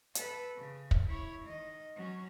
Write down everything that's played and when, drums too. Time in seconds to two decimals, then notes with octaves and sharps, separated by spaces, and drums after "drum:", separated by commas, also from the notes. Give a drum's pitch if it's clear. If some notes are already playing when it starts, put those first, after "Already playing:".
0.15 A4 B4, drum: hi-hat
0.57 C#3
0.91 drum: kick
1.07 E4 C#5
1.45 D#3 D#5
1.96 F#3 C#4